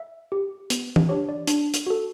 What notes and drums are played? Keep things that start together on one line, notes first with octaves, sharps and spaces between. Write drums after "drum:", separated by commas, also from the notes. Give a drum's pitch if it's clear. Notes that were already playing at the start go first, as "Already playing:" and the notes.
Already playing: E5
G4
B3, drum: hi-hat
drum: tom
D4 G4 C#5
D5
D4, drum: hi-hat
drum: hi-hat
F#4 A4